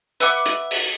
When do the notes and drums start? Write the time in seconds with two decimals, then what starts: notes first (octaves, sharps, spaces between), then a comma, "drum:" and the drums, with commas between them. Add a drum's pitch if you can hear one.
0.20 B4 E5 F#5 D6, drum: hi-hat
0.46 drum: hi-hat
0.71 drum: open hi-hat